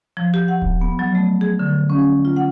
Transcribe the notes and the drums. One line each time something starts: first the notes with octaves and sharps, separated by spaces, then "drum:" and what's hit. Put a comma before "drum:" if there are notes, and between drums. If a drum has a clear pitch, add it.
F3
G4
F#5
drum: kick D#1
B3
F#3
A3
G#4
D3
C#4
F4
F#5